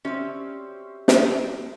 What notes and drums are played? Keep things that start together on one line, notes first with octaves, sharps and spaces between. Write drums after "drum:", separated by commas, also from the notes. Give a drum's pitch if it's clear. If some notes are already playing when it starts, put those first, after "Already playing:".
G3 C4 C#4 C5 E5
drum: snare